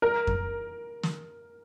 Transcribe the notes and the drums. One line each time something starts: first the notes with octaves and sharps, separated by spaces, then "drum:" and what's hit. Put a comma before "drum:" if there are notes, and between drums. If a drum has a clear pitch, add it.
A#4
drum: kick F2
drum: snare